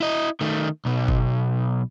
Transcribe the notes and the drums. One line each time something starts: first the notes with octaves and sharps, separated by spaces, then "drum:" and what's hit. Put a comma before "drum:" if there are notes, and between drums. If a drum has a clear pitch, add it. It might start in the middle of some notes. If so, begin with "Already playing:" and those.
E4 D#5
D#3 A3
B1 B2
drum: kick